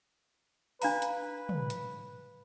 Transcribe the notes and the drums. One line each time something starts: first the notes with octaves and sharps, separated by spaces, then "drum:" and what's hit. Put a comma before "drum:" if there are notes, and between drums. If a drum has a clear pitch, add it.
D4 B4 F5 A#5, drum: open hi-hat
drum: hi-hat
drum: tom
drum: hi-hat